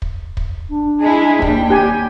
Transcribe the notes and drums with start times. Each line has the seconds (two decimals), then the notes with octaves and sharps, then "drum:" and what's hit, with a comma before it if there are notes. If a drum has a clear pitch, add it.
0.02 drum: kick
0.37 drum: kick
0.69 D4
0.99 G#3 E4 G#4
1.42 D#2 G3 G5, drum: kick
1.70 G4 G#5